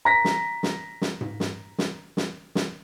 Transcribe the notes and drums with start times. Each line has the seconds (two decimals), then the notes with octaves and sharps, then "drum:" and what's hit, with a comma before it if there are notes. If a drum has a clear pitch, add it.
0.05 A#5 A#6 B6
0.25 drum: snare
0.63 drum: snare
1.01 drum: snare
1.21 drum: tom G#2
1.40 drum: snare
1.78 drum: snare
2.17 drum: snare
2.55 drum: snare